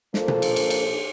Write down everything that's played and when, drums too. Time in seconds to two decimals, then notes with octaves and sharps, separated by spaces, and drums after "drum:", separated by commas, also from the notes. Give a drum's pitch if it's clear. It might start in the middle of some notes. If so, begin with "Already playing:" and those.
0.14 A#2 F3 A#3 A4 C5, drum: snare
0.28 drum: tom B2
0.42 drum: cymbal
0.56 drum: cymbal
0.70 drum: cymbal